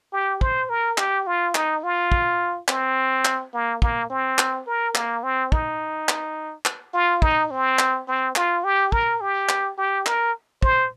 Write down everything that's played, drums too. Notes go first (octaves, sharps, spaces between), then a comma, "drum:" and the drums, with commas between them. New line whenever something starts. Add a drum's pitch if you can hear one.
G4
C5, drum: kick
A#4
G4, drum: clap
F4
D#4, drum: clap
F4
drum: kick
C4, drum: clap
drum: clap
A#3
A#3, drum: kick
C4
drum: clap
A#4
A#3, drum: clap
C4
D#4, drum: kick
drum: clap
drum: clap
F4
D#4, drum: kick
C4
drum: clap
C4
F4, drum: clap
G4
A#4, drum: kick
G4
drum: clap
G4
A#4, drum: clap
C5, drum: kick